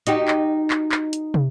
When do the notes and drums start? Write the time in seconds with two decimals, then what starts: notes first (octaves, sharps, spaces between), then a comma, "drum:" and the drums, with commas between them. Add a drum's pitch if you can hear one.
0.07 D#4 F#4 G4, drum: hi-hat
0.28 drum: clap
0.70 drum: clap
0.92 drum: clap
1.13 drum: hi-hat
1.34 drum: tom